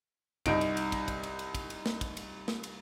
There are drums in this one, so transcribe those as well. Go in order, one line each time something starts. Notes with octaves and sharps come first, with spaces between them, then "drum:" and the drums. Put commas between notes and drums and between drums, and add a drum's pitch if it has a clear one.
C2 D#4 D7, drum: kick, cymbal
drum: cymbal
drum: cymbal
drum: kick, cymbal
drum: kick, cymbal
drum: cymbal
drum: cymbal
drum: kick, cymbal
drum: cymbal
drum: snare
drum: kick, cymbal
drum: cymbal
drum: snare
drum: cymbal